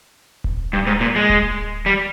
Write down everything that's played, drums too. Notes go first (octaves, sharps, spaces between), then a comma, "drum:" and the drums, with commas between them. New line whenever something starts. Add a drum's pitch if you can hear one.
drum: kick D1
G2
G#2
A#2
G#3
drum: kick D1
G3